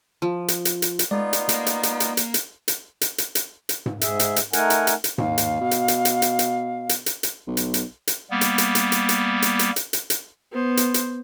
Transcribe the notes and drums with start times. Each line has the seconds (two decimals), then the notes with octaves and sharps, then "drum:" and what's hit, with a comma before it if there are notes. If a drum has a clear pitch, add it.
0.22 F3
0.48 drum: hi-hat
0.65 drum: hi-hat
0.82 drum: hi-hat
0.99 drum: hi-hat
1.11 G#3 A3 B3 D#4 F4 D5
1.33 drum: hi-hat
1.49 A#3, drum: hi-hat
1.66 drum: hi-hat
1.83 drum: hi-hat
2.00 drum: hi-hat
2.17 drum: hi-hat
2.34 drum: hi-hat
2.68 drum: hi-hat
3.01 drum: hi-hat
3.18 drum: hi-hat
3.35 drum: hi-hat
3.69 drum: hi-hat
3.86 drum: tom G#2
4.01 G#2 G#4 E5, drum: hi-hat
4.19 drum: hi-hat
4.36 drum: hi-hat
4.53 A3 D#4 A#4 F#5 G#5, drum: hi-hat
4.70 drum: hi-hat
4.87 drum: hi-hat
5.04 drum: hi-hat
5.18 D#2 F5, drum: tom G#2
5.38 drum: hi-hat
5.61 B2
5.71 drum: hi-hat
5.88 drum: hi-hat
6.05 drum: hi-hat
6.22 drum: hi-hat
6.39 drum: hi-hat
6.89 drum: hi-hat
7.06 drum: hi-hat
7.23 drum: hi-hat
7.47 B1
7.57 drum: hi-hat
7.74 drum: hi-hat
8.07 drum: hi-hat
8.31 G3 A#3 B3
8.41 drum: hi-hat
8.58 drum: hi-hat
8.75 drum: hi-hat
8.92 drum: hi-hat
9.09 drum: hi-hat
9.42 drum: hi-hat
9.59 drum: hi-hat
9.76 drum: hi-hat
9.93 drum: hi-hat
10.10 drum: hi-hat
10.52 B3 C5
10.77 drum: hi-hat
10.94 drum: hi-hat